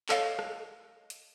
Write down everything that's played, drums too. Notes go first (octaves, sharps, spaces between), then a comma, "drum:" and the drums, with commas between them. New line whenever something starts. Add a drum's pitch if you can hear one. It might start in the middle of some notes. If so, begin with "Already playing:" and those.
A4 C#5 D#5 F5, drum: clap
drum: rim click
drum: hi-hat